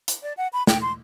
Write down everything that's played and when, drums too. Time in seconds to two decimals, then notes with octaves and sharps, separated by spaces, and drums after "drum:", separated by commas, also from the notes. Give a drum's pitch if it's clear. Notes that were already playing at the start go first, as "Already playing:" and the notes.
0.08 drum: hi-hat
0.23 D5
0.37 F#5
0.53 B5
0.67 G5, drum: snare
0.82 C6